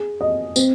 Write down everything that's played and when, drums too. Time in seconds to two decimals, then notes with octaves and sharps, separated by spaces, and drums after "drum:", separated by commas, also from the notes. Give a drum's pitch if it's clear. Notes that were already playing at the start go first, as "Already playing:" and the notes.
Already playing: G#4
0.21 D#5
0.56 C4, drum: tambourine